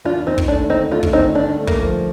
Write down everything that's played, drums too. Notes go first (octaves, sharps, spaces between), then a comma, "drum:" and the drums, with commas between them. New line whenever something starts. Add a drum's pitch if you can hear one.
D#2 D4 F4
D#2 C4 D#4
drum: kick
A3 D4
D3 C4 D#4
A3 D4 F4
drum: kick
D3 C4 D#4
G2 D4
A3
A#3, drum: kick
F3